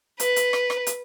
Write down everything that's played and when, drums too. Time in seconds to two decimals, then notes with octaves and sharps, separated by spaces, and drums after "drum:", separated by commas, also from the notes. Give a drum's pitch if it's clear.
0.20 B4, drum: hi-hat
0.36 drum: hi-hat
0.53 drum: rim click
0.70 drum: rim click
0.87 drum: hi-hat